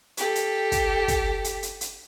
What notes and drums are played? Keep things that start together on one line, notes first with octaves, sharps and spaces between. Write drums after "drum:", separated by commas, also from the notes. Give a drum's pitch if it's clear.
G4 A4, drum: hi-hat
drum: hi-hat
drum: kick, hi-hat
drum: kick, hi-hat
drum: hi-hat
drum: hi-hat
drum: hi-hat